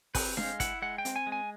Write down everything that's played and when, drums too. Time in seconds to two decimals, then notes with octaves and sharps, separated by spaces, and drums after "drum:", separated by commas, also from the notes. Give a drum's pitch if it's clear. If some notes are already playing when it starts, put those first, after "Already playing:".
0.15 C4 B4, drum: kick, open hi-hat
0.37 G#3 F5, drum: snare D4
0.60 E4 F#5, drum: kick, hi-hat
0.82 G#3 F#5
0.98 G5
1.05 C4, drum: hi-hat
1.16 G#5
1.27 G#3
1.32 G#5